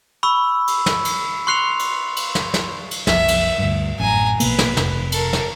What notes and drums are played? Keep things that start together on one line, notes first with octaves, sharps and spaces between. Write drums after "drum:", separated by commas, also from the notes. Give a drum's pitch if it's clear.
B5 C#6 E6
drum: cymbal
drum: snare
drum: cymbal
C6 C#6 F#6 C7 C#7 F7
drum: cymbal
drum: cymbal
drum: snare
drum: snare
drum: cymbal
F#1 C2 F3 E5, drum: snare
drum: cymbal
D2 G2
A1 F#2 G#5 A#5
A#1 B2 A#3 B4, drum: cymbal
drum: snare
F1 C3, drum: snare
A4 A#4, drum: cymbal
drum: snare